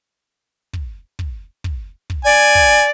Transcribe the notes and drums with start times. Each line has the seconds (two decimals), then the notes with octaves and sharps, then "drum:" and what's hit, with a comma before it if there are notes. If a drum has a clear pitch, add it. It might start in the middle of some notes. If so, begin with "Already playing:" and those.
0.73 drum: kick
1.19 drum: kick
1.64 drum: kick
2.10 drum: kick
2.25 D5 G#5
2.55 drum: kick